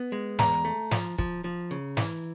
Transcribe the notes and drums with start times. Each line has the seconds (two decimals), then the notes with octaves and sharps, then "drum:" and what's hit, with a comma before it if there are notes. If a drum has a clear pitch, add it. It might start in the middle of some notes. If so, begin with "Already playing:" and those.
Already playing: B3
0.12 G#3
0.39 E2 A#5, drum: snare
0.65 A3
0.91 F3, drum: snare
1.18 F3, drum: kick
1.44 F3
1.71 C#3
1.97 E3, drum: snare